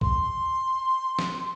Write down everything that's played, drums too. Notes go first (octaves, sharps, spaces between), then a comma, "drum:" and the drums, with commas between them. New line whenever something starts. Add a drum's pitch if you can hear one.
C6, drum: kick C2
drum: snare